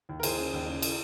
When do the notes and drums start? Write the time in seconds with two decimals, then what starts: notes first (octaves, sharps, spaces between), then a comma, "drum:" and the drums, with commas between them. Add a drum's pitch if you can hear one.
0.09 D#2
0.20 A#4
0.23 D#2 G#4 C5, drum: cymbal
0.39 C#3
0.53 D#2
0.68 C#3
0.82 drum: cymbal